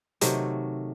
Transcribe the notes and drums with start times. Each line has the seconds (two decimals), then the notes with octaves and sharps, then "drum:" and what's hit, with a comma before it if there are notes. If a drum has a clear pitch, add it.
0.21 C3 D#3 F#3 A3, drum: hi-hat